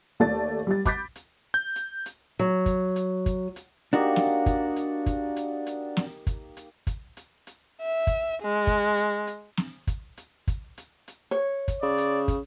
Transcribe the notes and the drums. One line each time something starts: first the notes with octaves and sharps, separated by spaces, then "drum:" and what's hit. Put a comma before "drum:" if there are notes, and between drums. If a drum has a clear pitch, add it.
D#2 A3 D5 A5 A6
G3 A6
B5 D6 G6 A6 B6, drum: kick, hi-hat
drum: hi-hat
G6
drum: hi-hat
drum: hi-hat
F#3
drum: kick, hi-hat
drum: hi-hat
drum: kick, hi-hat
drum: hi-hat
A#3 D4 D#4 F#4 G4
drum: snare
drum: kick, hi-hat
drum: hi-hat
drum: kick, hi-hat
drum: hi-hat
drum: hi-hat
drum: snare
drum: kick, hi-hat
drum: hi-hat
drum: kick, hi-hat
drum: hi-hat
drum: hi-hat
E5
drum: kick, hi-hat
G#3
drum: kick, hi-hat
drum: hi-hat
drum: hi-hat
drum: snare
drum: kick, hi-hat
drum: hi-hat
drum: kick, hi-hat
drum: hi-hat
drum: hi-hat
C#5
drum: kick, hi-hat
C#3 D5
drum: hi-hat
drum: kick, hi-hat